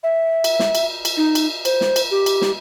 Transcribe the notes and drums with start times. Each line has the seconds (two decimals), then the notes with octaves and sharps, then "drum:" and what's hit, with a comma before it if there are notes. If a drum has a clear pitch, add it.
0.03 E5
0.44 drum: cymbal
0.59 drum: snare
0.75 drum: cymbal
1.05 drum: cymbal
1.17 D#4
1.35 drum: cymbal
1.65 C5, drum: cymbal
1.81 drum: snare
1.96 drum: cymbal
2.11 G4
2.26 drum: cymbal
2.41 drum: snare